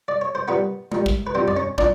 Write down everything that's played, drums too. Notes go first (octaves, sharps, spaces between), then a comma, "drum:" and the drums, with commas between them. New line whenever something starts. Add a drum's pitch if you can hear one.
D5
C#5
C5
A#2 G3 B3 B4
A#2 G3, drum: tom G#3
drum: kick
B4
A#2 G3 C4 C5
D5, drum: tom F#2
C#4 C#5
A#2 D4 D5, drum: kick